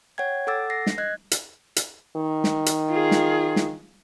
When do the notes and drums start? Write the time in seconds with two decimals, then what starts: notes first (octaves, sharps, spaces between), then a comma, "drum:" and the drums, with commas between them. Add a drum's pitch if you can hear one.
0.18 C#5 F#5 G5 G#6
0.47 A4 F#5 D6 E6 A6
0.70 A#6 C7
0.86 drum: snare
0.98 D#5 F#6 G#6
1.31 drum: hi-hat
1.76 drum: hi-hat
2.16 D#3
2.44 drum: snare
2.66 drum: hi-hat
2.89 F4 G#4
3.11 drum: snare
3.56 drum: snare